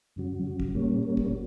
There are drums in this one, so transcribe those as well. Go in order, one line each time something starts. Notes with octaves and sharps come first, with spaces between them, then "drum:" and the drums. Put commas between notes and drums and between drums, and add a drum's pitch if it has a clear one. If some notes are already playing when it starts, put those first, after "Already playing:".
F#2 C#3 F#3
F#2 C#3 F#3
drum: kick
A#2 G3 A#3 C#4
A#2 G3 A#3 C#4
drum: kick
F#3